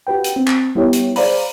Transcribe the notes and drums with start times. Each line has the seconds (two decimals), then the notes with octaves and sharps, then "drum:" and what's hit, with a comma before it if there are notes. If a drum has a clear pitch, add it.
0.07 F#4 G4 B4 G5
0.24 drum: hi-hat
0.36 C4
0.47 drum: clap
0.75 G3 B3 E4 G4 C#5
0.93 drum: hi-hat
1.16 G#4 C5 D5 F5 A#5 B5, drum: open hi-hat